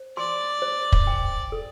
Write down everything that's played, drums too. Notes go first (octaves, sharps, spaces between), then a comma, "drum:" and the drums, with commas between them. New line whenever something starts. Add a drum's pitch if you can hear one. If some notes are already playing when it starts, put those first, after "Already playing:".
Already playing: C5
D5 C6
C5
drum: kick
G5
A4